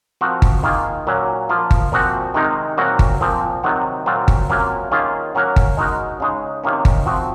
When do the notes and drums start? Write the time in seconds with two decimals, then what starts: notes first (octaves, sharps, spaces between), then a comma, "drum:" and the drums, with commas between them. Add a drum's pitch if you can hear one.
0.21 F3 C4 F#4 A#4
0.42 drum: kick G1
0.63 D#3 A#3 F4 G#4
1.07 A#2 F#3 C#4
1.49 F3 A#3 F4
1.71 drum: kick G1
1.92 A#2 F3 C4 F#4
2.34 C3 D#3 G#3 D#4 A#4
2.78 A#2 F#3 C4 F#4 A#4
2.99 drum: kick G1
3.21 A#2 F3 C4
3.63 C3 D#3 F#3 C4 F#4
4.06 A#2 F#3 C4 F4
4.28 drum: kick G1
4.50 C3 F#3 A#3 C#4 F4
4.91 D#3 A#3 C#4 F4 G#4
5.35 F#3 A#3 C#4 F#4 A#4
5.56 drum: kick G1
5.77 G#3 D#4 F#4 A#4
6.20 C#3 G#3 D#4
6.64 C3 D#3 A#3 C#4
6.85 drum: kick G1
7.06 F3 C4 F#4